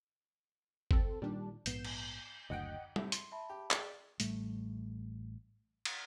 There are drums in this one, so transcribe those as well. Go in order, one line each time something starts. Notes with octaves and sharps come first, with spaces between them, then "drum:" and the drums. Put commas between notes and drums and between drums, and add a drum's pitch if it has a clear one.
C4 A4, drum: kick G1
A#2 D#3 G3 D4
A#1 G#2 B3 G6 C7 E7, drum: hi-hat
drum: cymbal
F#1 D2 D#5 F#5 G5
A2 C3 E4, drum: tom
C6, drum: hi-hat
E5 A5 B5
G4
G#4 D5 G5 A5 C#6 B6, drum: clap
A1 A2 G3 A3, drum: hi-hat
drum: cymbal